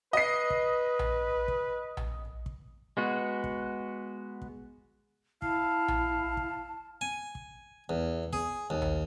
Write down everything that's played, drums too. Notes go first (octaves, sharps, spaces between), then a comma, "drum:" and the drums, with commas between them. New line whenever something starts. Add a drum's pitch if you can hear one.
B4 D#5 C7
drum: kick
drum: tom A#1
drum: kick
drum: tom A#1
drum: kick
G#3 B3 F#4
drum: kick
drum: kick
E4 F5 A5, drum: kick
drum: tom A#1
drum: kick
G#5
drum: kick
E2
G#4, drum: kick
D#2
drum: tom A#1